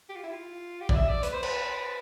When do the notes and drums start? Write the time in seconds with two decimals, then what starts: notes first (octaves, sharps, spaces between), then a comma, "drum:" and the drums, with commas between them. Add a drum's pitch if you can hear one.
0.09 G4
0.16 F4
0.23 E4
0.30 F4
0.81 G4
0.89 D5, drum: kick
0.95 E5
1.08 D5
1.23 B4, drum: hi-hat
1.34 C5
1.43 B4, drum: cymbal